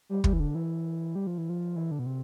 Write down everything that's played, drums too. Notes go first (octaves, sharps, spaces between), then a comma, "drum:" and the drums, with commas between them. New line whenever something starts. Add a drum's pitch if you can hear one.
G3
G3, drum: kick
E3
D3
E3
G3
F3
E3
F3
E3
D3
B2
C3